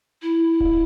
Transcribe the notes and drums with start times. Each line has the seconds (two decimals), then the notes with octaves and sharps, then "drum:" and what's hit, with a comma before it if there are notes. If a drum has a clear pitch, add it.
0.22 E4
0.60 drum: kick D1